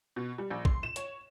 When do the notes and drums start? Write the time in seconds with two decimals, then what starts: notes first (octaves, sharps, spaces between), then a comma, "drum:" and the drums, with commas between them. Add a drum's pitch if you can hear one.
0.16 B2
0.38 G3
0.50 A#1
0.65 C6, drum: kick
0.83 E7
0.96 C#5, drum: hi-hat